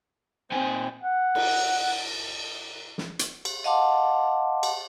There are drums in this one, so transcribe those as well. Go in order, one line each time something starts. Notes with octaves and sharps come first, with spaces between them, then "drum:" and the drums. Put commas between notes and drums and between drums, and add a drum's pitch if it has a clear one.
A#2 C4 D#4 G#5
F#5
drum: cymbal
drum: snare
drum: hi-hat
drum: cymbal
D#5 F5 F#5 A5 C6 D6
drum: cymbal